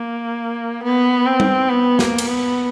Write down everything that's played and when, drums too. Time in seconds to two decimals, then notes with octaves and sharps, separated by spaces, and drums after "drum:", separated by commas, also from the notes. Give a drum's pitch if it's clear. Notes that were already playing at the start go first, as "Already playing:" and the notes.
Already playing: A#3
0.84 B3
1.27 C4
1.40 drum: tom G3
1.69 B3
1.99 A#3, drum: snare
2.18 drum: cymbal
2.28 B3